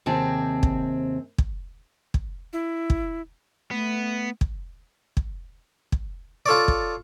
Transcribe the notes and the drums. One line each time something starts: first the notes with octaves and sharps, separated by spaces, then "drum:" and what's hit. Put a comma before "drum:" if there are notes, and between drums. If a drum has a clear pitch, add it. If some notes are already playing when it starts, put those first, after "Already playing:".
D#2 C3 C4 G#4 A5
drum: kick
drum: kick
drum: kick
E4
drum: kick
A3 B3
drum: kick
drum: kick
drum: kick
F4 A4 C#5 D5
drum: kick